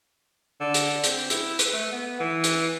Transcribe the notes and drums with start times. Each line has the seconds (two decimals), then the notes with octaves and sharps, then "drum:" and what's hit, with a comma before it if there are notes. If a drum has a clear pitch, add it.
0.60 D3
0.74 drum: hi-hat
1.04 C4, drum: hi-hat
1.30 E4, drum: hi-hat
1.59 B4, drum: hi-hat
1.73 A3
1.92 B3
2.20 E3
2.44 drum: hi-hat